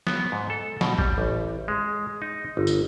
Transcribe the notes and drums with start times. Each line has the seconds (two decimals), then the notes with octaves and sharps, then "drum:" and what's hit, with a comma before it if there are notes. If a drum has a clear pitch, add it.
0.07 B3, drum: snare
0.32 G#2
0.50 A4
0.81 B2, drum: snare
0.98 G3, drum: kick G1
1.18 A1
1.68 G#3
2.22 D#4
2.57 G1
2.67 drum: tambourine